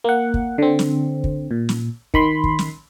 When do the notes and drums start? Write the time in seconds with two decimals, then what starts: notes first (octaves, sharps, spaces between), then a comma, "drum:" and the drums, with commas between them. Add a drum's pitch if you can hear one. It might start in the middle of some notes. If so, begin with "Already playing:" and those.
0.04 A#3 F#5
0.34 drum: kick
0.58 D3 C4
0.79 drum: snare
1.24 drum: kick
1.51 A#2
1.69 drum: snare
2.14 D#3 B5 C6, drum: kick
2.44 drum: kick
2.59 drum: snare